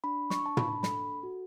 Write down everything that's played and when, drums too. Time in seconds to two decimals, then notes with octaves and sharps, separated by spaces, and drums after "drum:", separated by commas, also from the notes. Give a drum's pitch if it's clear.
0.04 D4 B5
0.30 C#6, drum: snare
0.43 D4 A5
0.57 B5, drum: tom
0.83 A4 B5, drum: snare
1.23 F#4